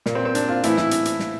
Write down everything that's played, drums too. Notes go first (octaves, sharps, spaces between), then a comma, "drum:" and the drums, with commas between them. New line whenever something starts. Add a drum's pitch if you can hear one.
A#2 A#3, drum: snare
C4
C4
D4, drum: hi-hat
F4
A2 E3 E4, drum: hi-hat
E4, drum: snare
drum: hi-hat
drum: hi-hat
drum: snare